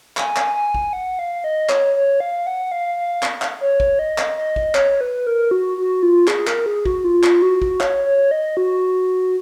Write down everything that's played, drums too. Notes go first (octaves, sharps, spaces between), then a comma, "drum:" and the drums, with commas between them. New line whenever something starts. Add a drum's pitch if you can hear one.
G#5, drum: clap
drum: clap
G#5
drum: kick
F#5
F5
D#5
C#5, drum: clap
C#5
F5
F#5
F5
F5
drum: clap
drum: clap
C#5
drum: kick
D#5
drum: clap
D#5
drum: kick
C#5, drum: clap
B4
A#4
F#4
F#4
F4
G#4, drum: clap
A#4, drum: clap
G#4
F#4, drum: kick
F4
drum: clap
F#4
drum: kick
C#5, drum: clap
C#5
D#5
F#4